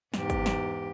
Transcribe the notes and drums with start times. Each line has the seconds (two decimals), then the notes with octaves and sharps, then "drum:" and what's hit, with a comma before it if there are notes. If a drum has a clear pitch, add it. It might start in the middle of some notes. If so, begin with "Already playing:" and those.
0.14 E2 G#2 G4, drum: snare
0.30 drum: kick, hi-hat
0.46 drum: snare